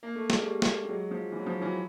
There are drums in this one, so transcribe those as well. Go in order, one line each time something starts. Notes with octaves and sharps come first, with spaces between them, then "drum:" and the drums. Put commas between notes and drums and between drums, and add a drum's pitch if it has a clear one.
A#3
A3
G#3, drum: snare
G3 A3
drum: snare
G3
F#3 G#3
F3
E3
F#3
F3
E3 F#3